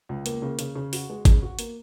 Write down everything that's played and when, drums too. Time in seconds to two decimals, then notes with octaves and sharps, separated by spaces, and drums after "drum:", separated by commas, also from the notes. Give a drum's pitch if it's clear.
0.09 C#2
0.26 A#3, drum: hi-hat
0.42 C#3
0.59 C#3, drum: hi-hat
0.75 C#3
0.93 F#4, drum: open hi-hat
1.10 G#3
1.25 C#3, drum: kick G#1, hi-hat
1.42 F#4
1.59 A#3, drum: hi-hat